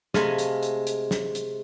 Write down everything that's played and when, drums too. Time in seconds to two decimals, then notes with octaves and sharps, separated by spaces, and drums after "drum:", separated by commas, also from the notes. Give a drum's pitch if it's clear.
0.14 C3 G#3 A3 F5 G#5 B5, drum: snare
0.38 drum: hi-hat
0.63 drum: hi-hat
0.87 drum: hi-hat
1.11 drum: snare
1.35 drum: hi-hat